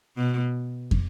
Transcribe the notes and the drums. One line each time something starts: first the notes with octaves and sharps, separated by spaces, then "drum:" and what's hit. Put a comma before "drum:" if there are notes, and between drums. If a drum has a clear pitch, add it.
B2
drum: kick